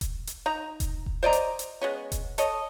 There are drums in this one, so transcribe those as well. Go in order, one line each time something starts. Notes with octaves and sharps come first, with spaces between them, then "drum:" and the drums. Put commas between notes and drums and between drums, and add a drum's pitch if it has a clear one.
drum: kick E1, hi-hat
drum: hi-hat
D#4 A#5
drum: kick E1, hi-hat
drum: kick E1
C5 D5 D#5 A#5
drum: hi-hat
drum: hi-hat
G#3 B3 C#4
drum: kick E1, hi-hat
A4 C#5 D#5, drum: hi-hat